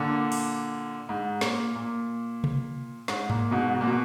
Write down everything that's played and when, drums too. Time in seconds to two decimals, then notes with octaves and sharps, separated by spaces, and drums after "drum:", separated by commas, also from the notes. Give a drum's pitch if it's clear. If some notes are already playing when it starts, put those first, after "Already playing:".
Already playing: A#2 D3
0.32 drum: open hi-hat
1.09 G#2
1.41 A#2, drum: snare
1.76 A#2
2.44 drum: tom C3
3.08 G#2, drum: snare
3.30 A#2, drum: tom G2
3.51 G#2 B2
3.74 B2
3.81 A#2
3.87 B2